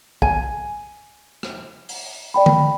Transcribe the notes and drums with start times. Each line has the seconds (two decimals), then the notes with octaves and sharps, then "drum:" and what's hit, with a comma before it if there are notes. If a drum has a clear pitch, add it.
0.22 G#5, drum: kick
1.43 drum: rim click
1.89 drum: open hi-hat
2.34 D5 G5 B5
2.46 drum: tom D3